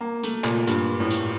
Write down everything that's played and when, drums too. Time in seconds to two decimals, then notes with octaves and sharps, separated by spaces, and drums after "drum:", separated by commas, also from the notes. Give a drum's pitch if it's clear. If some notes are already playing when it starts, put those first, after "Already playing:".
0.01 A#3
0.23 A3, drum: tambourine
0.44 A#2, drum: clap
0.67 G2, drum: tambourine
1.00 A2
1.10 drum: tambourine